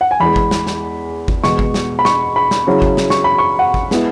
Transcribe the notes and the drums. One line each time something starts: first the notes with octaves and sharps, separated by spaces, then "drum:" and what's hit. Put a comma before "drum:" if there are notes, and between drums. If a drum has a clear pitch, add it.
F#5
G#5
E2 E3 G#3 B5
drum: kick G1
drum: snare
drum: snare
drum: kick G1
E2 B2 G#3 B3 C#6, drum: snare
drum: kick G1
drum: snare
B5
C#6, drum: snare
B5
drum: snare
C#3 F#3 C#4 E4
drum: kick G1
drum: snare
C#6, drum: snare
B5
C#6
F#5
drum: kick G1
G#3 B3 E4, drum: snare